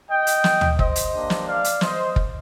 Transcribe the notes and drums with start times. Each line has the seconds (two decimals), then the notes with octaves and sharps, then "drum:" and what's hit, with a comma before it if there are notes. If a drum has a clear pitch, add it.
0.09 D#5 G5
0.27 drum: hi-hat
0.44 drum: snare
0.61 drum: tom
0.79 C5 D#5, drum: kick
0.96 drum: hi-hat
1.13 A#3 D4 G4
1.30 drum: snare
1.47 D5 F5
1.64 drum: hi-hat
1.81 C5 D#5, drum: snare
2.16 drum: kick